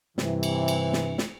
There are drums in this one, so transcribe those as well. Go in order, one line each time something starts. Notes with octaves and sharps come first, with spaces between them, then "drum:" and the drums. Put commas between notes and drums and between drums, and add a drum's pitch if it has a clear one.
G2 C3 E3, drum: snare
drum: cymbal
drum: cymbal
drum: snare
drum: snare